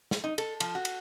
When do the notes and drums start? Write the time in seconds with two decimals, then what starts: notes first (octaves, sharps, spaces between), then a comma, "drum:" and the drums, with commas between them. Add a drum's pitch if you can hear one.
0.11 drum: snare
0.24 D#4
0.38 A4, drum: cymbal
0.60 F3, drum: cymbal
0.75 F#4
0.85 drum: cymbal